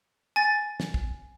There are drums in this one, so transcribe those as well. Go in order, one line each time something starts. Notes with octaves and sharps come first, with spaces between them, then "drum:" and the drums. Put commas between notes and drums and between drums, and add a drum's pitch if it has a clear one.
G#5 A6
drum: snare
drum: kick